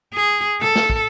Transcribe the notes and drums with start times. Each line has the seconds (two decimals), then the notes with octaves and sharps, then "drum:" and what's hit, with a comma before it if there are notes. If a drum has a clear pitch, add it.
0.14 G#4
0.61 A4, drum: tom
0.75 drum: snare
0.90 drum: kick